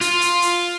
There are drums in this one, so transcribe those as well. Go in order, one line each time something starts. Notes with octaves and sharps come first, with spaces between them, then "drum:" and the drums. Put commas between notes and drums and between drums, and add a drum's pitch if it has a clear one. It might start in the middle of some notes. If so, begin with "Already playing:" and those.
F4, drum: hi-hat
drum: hi-hat
drum: hi-hat